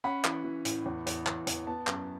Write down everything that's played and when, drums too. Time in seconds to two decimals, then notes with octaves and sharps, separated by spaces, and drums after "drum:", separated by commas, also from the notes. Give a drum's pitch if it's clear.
0.04 C#4 F#5 B5
0.25 E3, drum: clap
0.44 E3
0.65 A2, drum: hi-hat
0.86 E2
1.07 E2, drum: hi-hat
1.27 E2, drum: clap
1.47 E2, drum: hi-hat
1.67 B3 A5
1.87 F#2, drum: clap